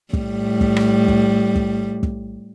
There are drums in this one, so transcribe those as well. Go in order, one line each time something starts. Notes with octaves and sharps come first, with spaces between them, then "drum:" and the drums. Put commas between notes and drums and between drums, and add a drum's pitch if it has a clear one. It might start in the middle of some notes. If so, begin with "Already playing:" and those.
A2 G3, drum: kick
drum: kick
drum: rim click
drum: kick
drum: kick
drum: kick